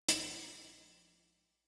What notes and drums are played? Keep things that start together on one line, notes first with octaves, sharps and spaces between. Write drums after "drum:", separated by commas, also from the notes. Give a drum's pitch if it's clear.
A#1 G#2 F3 G5 D6, drum: hi-hat